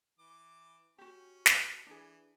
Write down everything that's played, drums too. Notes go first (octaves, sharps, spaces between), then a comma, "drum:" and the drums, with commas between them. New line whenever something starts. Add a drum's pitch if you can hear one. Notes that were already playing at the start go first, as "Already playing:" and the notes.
E3 D6
C#4 F#4 G4
drum: snare
E3 D4 G#4